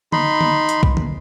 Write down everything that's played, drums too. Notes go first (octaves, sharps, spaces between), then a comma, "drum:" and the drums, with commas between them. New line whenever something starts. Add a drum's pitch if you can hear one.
D#4 B5 C6, drum: tom D3
drum: tom D3
drum: hi-hat
drum: kick
drum: tom D3